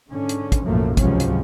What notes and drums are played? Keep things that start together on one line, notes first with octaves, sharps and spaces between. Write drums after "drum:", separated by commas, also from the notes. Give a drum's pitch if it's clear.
G#2 D3 C#4
drum: hi-hat
drum: kick, hi-hat
B1 F#2 A2 F3 A3 A#3
G#1 C#2 C3 F3 F#3 C#4, drum: kick, hi-hat
drum: hi-hat